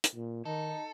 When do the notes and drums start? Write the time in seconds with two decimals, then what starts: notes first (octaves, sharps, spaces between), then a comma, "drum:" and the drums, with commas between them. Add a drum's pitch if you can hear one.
0.04 drum: hi-hat
0.15 A#2
0.45 D#3 D#4 A4